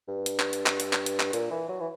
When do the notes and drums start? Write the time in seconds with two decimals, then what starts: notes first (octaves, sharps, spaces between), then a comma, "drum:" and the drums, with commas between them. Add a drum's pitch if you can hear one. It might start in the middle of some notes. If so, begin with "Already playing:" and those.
0.08 G2
0.26 drum: hi-hat
0.40 drum: clap
0.53 drum: hi-hat
0.66 drum: clap
0.80 drum: hi-hat
0.93 drum: clap
1.06 drum: hi-hat
1.20 drum: clap
1.33 A#2, drum: hi-hat
1.51 E3
1.69 F#3
1.81 E3